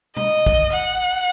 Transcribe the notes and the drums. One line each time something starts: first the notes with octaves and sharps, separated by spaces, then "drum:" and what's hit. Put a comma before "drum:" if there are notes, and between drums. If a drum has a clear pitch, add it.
D#5, drum: tom
drum: kick
F#5